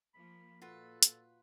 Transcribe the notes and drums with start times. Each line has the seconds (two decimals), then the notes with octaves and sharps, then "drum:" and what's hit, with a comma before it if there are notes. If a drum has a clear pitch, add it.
0.14 F3 A#3 B5
0.62 A#2 F4 F#4 A4 B4
1.03 drum: hi-hat